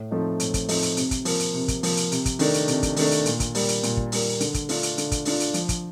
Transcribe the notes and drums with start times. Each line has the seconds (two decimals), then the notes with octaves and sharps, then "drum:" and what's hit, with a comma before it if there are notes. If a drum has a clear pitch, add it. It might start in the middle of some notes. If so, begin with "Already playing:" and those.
Already playing: A2
0.11 F3 A3 C4 D#4
0.40 A2, drum: hi-hat
0.54 drum: kick, hi-hat
0.69 F3 A3 C4 D#4, drum: open hi-hat
0.82 drum: hi-hat
0.97 C3, drum: hi-hat
1.11 drum: kick, hi-hat
1.25 F3 A#3, drum: open hi-hat
1.40 drum: hi-hat
1.54 C3
1.68 drum: kick, hi-hat
1.83 F3 A#3, drum: open hi-hat
1.97 drum: hi-hat
2.12 C3, drum: hi-hat
2.25 drum: kick, hi-hat
2.39 D#3 A3 D4, drum: open hi-hat
2.54 drum: hi-hat
2.68 C3, drum: hi-hat
2.83 drum: kick, hi-hat
2.96 D#3 A3 D4, drum: open hi-hat
3.11 drum: hi-hat
3.26 A#2, drum: hi-hat
3.40 drum: kick, hi-hat
3.55 G3 A#3, drum: open hi-hat
3.68 drum: hi-hat
3.83 A#2, drum: hi-hat
3.97 drum: kick
4.12 G3 A#3, drum: open hi-hat
4.40 D3, drum: hi-hat
4.54 drum: kick, hi-hat
4.69 A3 D4 F4, drum: open hi-hat
4.83 drum: hi-hat
4.98 D3, drum: hi-hat
5.11 drum: kick, hi-hat
5.25 A3 D4 F4, drum: open hi-hat
5.40 drum: hi-hat
5.54 F3, drum: hi-hat
5.69 drum: kick, hi-hat